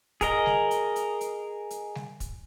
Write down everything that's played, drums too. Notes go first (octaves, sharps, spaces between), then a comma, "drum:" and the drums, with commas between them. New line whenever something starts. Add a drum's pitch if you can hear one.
G#4 A#4 D#5, drum: kick, hi-hat
drum: snare G3
drum: hi-hat
drum: hi-hat
drum: hi-hat
drum: hi-hat
drum: snare G3
drum: kick, hi-hat